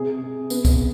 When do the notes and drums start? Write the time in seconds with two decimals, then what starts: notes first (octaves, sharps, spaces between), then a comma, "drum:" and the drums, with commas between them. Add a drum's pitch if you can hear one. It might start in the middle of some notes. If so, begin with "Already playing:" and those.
Already playing: C3 G#4
0.22 C3
0.50 B3, drum: tambourine
0.65 drum: kick, tambourine